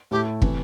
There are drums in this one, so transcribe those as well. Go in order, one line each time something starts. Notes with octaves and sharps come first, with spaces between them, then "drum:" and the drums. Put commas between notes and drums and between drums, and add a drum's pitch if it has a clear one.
A2 A3 E4 G4 A4
C3 E3 A3, drum: kick